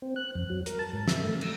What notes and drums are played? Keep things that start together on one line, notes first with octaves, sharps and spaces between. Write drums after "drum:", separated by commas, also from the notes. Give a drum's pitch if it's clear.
C4
F#6
F2
F#3
A#4, drum: hi-hat
A5
G#2
E5, drum: snare
A3
E6, drum: cymbal